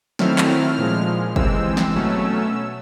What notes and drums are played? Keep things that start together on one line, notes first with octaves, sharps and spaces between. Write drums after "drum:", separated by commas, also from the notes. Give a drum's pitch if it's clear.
D#3 F#3 A3 C4 E4 F6, drum: snare
drum: clap
A#2 F3 G#3
C3 E3 G#3 C4 E6, drum: kick
drum: snare
B2 F#3 A3 C#4